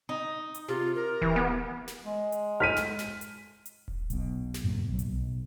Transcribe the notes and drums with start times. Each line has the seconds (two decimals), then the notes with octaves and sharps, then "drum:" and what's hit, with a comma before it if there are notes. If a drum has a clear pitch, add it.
0.09 D#4
0.55 drum: hi-hat
0.69 C3 F4
0.95 A#4
1.22 E3, drum: kick D#1
1.36 B3
1.88 drum: snare
2.05 G#3
2.32 drum: hi-hat
2.60 F6 B6 D#7
2.77 drum: snare
2.99 drum: snare
3.21 drum: hi-hat
3.66 drum: hi-hat
3.88 drum: kick D#1
4.10 B1 B2, drum: hi-hat
4.54 drum: snare
4.64 F#2 A2 C3 A#3
4.89 B1 F#3
4.99 drum: hi-hat
5.12 B1